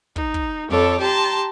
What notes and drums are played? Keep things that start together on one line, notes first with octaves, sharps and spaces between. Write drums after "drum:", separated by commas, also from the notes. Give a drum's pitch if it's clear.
D#4, drum: kick
drum: kick
F2 A4 C#5 D6
G4 A5 A#5 C6